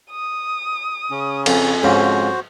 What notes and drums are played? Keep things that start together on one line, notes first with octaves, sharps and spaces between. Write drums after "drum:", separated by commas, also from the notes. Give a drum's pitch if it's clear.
D#6
C#3 C#4
F2 G#5, drum: cymbal
F2 G#2 C#3 F#4 C5